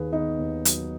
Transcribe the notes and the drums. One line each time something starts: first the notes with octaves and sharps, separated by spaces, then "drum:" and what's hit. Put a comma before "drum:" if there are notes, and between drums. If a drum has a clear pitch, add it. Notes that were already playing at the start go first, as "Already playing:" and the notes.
Already playing: D#2 D#3 G#4 B4
D#3 B3 D#4
D#2
F#3, drum: hi-hat